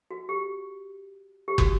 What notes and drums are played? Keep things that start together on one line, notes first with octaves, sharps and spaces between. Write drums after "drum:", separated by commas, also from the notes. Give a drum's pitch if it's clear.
F#4
G4
G4
F#4, drum: kick